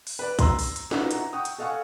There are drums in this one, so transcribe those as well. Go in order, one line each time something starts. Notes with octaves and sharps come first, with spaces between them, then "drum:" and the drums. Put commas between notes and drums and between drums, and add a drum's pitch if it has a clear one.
drum: open hi-hat
B4 D5
A#5 C6 E6, drum: kick, hi-hat
drum: open hi-hat
drum: hi-hat
D#4 F4 F#4 B4 D#5 E5, drum: snare
F#5 A#5, drum: hi-hat
F#5 G5 C#6 D#6
drum: hi-hat
A4 D#5 F5 F#5 G#5 C#6